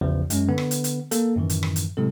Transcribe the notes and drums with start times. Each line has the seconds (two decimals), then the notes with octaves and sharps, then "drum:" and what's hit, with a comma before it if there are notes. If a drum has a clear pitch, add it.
0.01 A1 E2 C#3 F3
0.30 F#2 G#3 C#4, drum: hi-hat
0.49 D3 B3
0.58 drum: rim click
0.71 drum: hi-hat
0.84 drum: hi-hat
1.11 A#3 A4, drum: hi-hat
1.36 F#2 A2 D#3 E3
1.50 drum: hi-hat
1.63 drum: rim click
1.76 drum: hi-hat
1.97 A2 C3 F#3 G#3 C4 A4